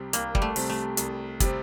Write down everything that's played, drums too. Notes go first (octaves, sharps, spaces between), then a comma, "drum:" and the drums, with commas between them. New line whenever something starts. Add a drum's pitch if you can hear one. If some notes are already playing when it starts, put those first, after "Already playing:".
Already playing: C2 C3 G3 C4
C2 A#3, drum: hi-hat
G3, drum: kick
A3
C3 G3 C4, drum: open hi-hat
A3
C2, drum: hi-hat
C3 G3 C4, drum: kick, hi-hat